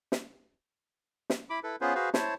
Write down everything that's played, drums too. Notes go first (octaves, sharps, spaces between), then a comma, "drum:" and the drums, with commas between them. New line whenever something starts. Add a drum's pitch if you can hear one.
drum: snare
drum: snare
E4 B5 D6
E4 A4 B4
B3 C#4 F4 G#4 B4 C5
F#4 G#4 B4 C5 F5
E4 C5 C#5 A5, drum: snare